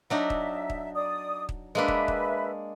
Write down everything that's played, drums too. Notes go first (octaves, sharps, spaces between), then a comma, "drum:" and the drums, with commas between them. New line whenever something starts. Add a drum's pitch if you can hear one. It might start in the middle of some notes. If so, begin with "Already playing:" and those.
F#3 D4 D#4 E5
drum: kick
drum: kick
D5 D#6
drum: kick
G#3 A#3 D4 B4 E5
drum: kick
drum: kick